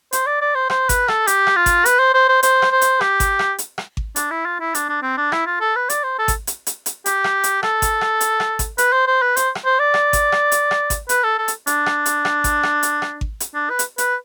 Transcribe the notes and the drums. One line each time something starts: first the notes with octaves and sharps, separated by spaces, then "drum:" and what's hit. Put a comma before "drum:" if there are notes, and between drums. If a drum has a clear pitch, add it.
C5, drum: hi-hat
D5
D5
C5
C5, drum: rim click
B4, drum: kick G#1, hi-hat
A4, drum: rim click
G4, drum: hi-hat
drum: rim click
F4
drum: kick G#1, hi-hat
B4, drum: hi-hat
C5
C5
C5
C5, drum: hi-hat
drum: rim click
C5
drum: hi-hat
G4, drum: rim click
drum: kick G#1, hi-hat
drum: rim click
drum: hi-hat
drum: rim click
drum: kick G#1
D4, drum: hi-hat
E4
F4
E4
D4, drum: hi-hat
D4
C4
D4
E4, drum: rim click
F4
A4
B4
D5, drum: hi-hat
C5
A4
drum: kick G#1, hi-hat
drum: hi-hat
drum: hi-hat
drum: hi-hat
G4, drum: hi-hat
drum: rim click
drum: hi-hat
A4, drum: rim click
drum: kick G#1, hi-hat
drum: rim click
drum: hi-hat
drum: rim click
drum: kick G#1, hi-hat
B4, drum: hi-hat
C5
C5
B4
C5, drum: hi-hat
drum: rim click
C5
D5
drum: rim click
drum: kick G#1, hi-hat
drum: rim click
drum: hi-hat
drum: rim click
drum: kick G#1, hi-hat
B4, drum: hi-hat
A4
A4
drum: hi-hat
D4, drum: hi-hat
drum: rim click
drum: hi-hat
drum: rim click
drum: kick G#1, hi-hat
drum: rim click
drum: hi-hat
drum: rim click
drum: kick G#1
drum: hi-hat
D4
B4
drum: hi-hat
B4, drum: hi-hat